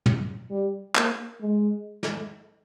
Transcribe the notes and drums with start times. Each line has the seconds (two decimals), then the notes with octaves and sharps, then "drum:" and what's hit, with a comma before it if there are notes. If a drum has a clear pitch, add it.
0.06 drum: tom
0.51 G3
0.95 A#3, drum: clap
1.41 G#3
2.03 drum: snare